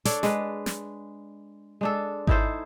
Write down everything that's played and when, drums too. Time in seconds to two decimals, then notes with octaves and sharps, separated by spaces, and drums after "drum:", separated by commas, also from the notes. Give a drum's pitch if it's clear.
0.05 D4 A4 C#5 D5, drum: hi-hat
0.23 G#3 B4, drum: snare
0.66 drum: snare
1.81 G#3 D4 A4
2.27 D#4 E4 A4 C5, drum: kick G#1